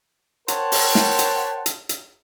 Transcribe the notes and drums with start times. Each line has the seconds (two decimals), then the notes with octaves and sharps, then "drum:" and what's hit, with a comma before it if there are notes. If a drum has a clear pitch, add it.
0.48 A#4 C5 C#5 F#5 G5 A5, drum: hi-hat
0.72 drum: open hi-hat
0.95 drum: snare
1.19 drum: hi-hat
1.66 drum: hi-hat
1.89 drum: hi-hat